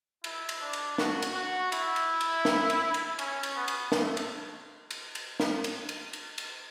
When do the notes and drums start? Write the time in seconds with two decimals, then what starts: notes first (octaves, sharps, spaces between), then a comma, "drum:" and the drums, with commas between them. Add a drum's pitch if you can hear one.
0.24 E4, drum: cymbal
0.49 drum: cymbal
0.61 D4
0.73 drum: cymbal
0.98 F#4, drum: snare
1.22 drum: cymbal
1.34 F#4
1.72 E4, drum: cymbal
1.96 drum: cymbal
2.21 drum: cymbal
2.45 drum: snare
2.70 drum: cymbal
2.94 drum: cymbal
3.19 C#4, drum: cymbal
3.43 drum: cymbal
3.56 B3
3.68 drum: cymbal
3.92 A3, drum: snare
4.17 drum: cymbal
4.91 drum: cymbal
5.15 drum: cymbal
5.40 drum: snare
5.64 drum: cymbal
5.89 drum: cymbal
6.13 drum: cymbal
6.38 drum: cymbal